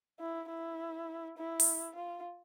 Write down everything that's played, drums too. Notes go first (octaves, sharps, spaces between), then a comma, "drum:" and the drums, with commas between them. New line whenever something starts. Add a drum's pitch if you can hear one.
E4
E4
E4
drum: open hi-hat
F4